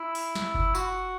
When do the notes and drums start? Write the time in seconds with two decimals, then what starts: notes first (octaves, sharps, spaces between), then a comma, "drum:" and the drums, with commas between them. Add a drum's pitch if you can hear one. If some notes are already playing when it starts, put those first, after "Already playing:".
Already playing: E4
0.15 drum: open hi-hat
0.35 drum: snare
0.55 drum: kick F#1
0.75 F#4, drum: tambourine